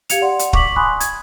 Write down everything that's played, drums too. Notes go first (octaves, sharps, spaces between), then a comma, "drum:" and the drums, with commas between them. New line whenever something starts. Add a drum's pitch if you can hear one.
G4 F5 G#6 C#7 F7, drum: hi-hat
D5 F#5 C6
drum: hi-hat
C#6 D6 B6 F#7, drum: kick D1
G#5 B5 C6 D#6 F#6
G#6, drum: hi-hat